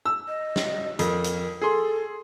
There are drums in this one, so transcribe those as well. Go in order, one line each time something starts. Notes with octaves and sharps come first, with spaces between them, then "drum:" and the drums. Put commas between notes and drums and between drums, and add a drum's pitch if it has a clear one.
E6
D#5
drum: snare
F2 A#4, drum: hi-hat
drum: hi-hat
G#4 A4 C6